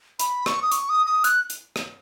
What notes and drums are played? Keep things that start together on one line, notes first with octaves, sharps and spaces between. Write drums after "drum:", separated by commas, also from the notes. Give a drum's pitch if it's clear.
B5, drum: hi-hat
C#6, drum: rim click
D#6
C#6, drum: hi-hat
D#6
D#6
F#6, drum: hi-hat
drum: hi-hat
drum: rim click